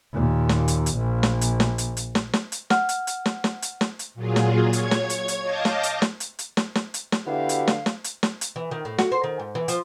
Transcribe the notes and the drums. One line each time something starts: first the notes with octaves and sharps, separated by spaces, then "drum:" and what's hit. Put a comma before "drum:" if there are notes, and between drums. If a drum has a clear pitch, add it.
D#2 A#2
drum: snare
drum: hi-hat
drum: hi-hat
A#1
drum: snare
drum: hi-hat
drum: snare
drum: hi-hat
drum: hi-hat
drum: snare
drum: snare
drum: hi-hat
F#5 F6, drum: snare
drum: hi-hat
drum: hi-hat
drum: snare
drum: snare
drum: hi-hat
drum: snare
drum: hi-hat
A#2 F#3 F4 G#4
drum: snare
C#5 G#6
drum: hi-hat
drum: snare
drum: hi-hat
drum: hi-hat
D#5 F5 A5 D6 G6 A#6
drum: snare
drum: hi-hat
drum: snare
drum: hi-hat
drum: hi-hat
drum: snare
drum: snare
drum: hi-hat
drum: snare
D3 B3 E4 F#4 G4 F5
drum: hi-hat
drum: snare
drum: snare
drum: hi-hat
drum: snare
drum: hi-hat
E3
D#3
A2
F#4, drum: snare
C5
D#3
G#2
E3
F3, drum: hi-hat